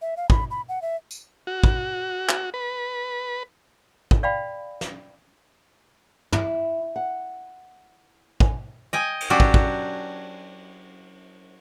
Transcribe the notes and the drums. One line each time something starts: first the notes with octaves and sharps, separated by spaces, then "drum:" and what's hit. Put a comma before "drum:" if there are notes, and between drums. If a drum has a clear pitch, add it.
E5
F5
B5, drum: kick
B5
F#5
E5
drum: tambourine
F#4
drum: kick
drum: clap
B4
drum: kick
D5 F5 G5 B5
drum: snare
E4, drum: tom
F#5
G#5, drum: kick
D#5 G5 G#5
drum: cymbal
F#3 C#4 D4 F#4 G4
drum: kick
drum: kick